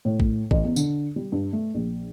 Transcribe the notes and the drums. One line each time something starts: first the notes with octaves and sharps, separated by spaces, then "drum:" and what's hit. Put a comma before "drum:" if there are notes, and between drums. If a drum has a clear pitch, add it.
A2
A2, drum: kick A1
A1, drum: kick A1
E2
D3, drum: tambourine
G3
G2
A3
A#1